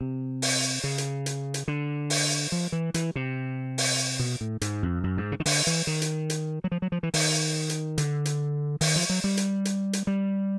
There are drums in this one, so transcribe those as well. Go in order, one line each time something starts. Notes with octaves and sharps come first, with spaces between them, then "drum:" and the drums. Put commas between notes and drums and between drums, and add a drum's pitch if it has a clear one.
C3
drum: open hi-hat
C#3
drum: hi-hat
drum: hi-hat
drum: hi-hat
D3
drum: open hi-hat
F3
E3
E3, drum: hi-hat
C3
drum: open hi-hat
B2
A2
G#2, drum: hi-hat
F2
F#2
G#2
C#3
D#3
D3, drum: open hi-hat
E3
D#3
drum: hi-hat
drum: hi-hat
F#3
F3
F#3
F3
E3
D#3, drum: open hi-hat
drum: hi-hat
D3, drum: hi-hat
drum: hi-hat
D#3, drum: open hi-hat
F3
F#3
G3
drum: hi-hat
drum: hi-hat
drum: hi-hat
G3